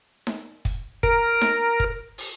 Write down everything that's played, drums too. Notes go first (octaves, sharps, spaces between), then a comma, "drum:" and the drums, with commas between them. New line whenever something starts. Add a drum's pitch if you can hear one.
drum: snare D#4
drum: kick, hi-hat
A#4, drum: kick
drum: snare D#4
drum: kick
drum: open hi-hat